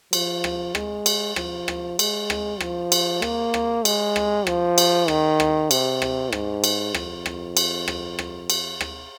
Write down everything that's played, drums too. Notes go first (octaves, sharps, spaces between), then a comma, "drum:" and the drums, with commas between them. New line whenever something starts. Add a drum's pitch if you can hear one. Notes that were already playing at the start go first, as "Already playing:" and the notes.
F3, drum: cymbal
drum: rim click
G#3, drum: rim click
drum: cymbal
F3, drum: rim click
drum: rim click
G#3, drum: cymbal
drum: rim click
F3, drum: rim click
drum: cymbal
A#3, drum: rim click
drum: rim click
G#3, drum: cymbal
drum: rim click
F3, drum: rim click
drum: cymbal
D#3, drum: rim click
drum: rim click
C3, drum: cymbal
drum: rim click
G#2, drum: rim click
drum: cymbal
F2, drum: rim click
drum: rim click
drum: cymbal
drum: rim click
drum: rim click
drum: cymbal
drum: rim click